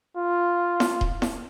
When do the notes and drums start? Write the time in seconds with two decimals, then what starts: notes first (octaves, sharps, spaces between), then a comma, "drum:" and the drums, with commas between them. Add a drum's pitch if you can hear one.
0.17 F4
0.80 drum: snare E4
1.01 drum: kick D#1
1.22 drum: snare E4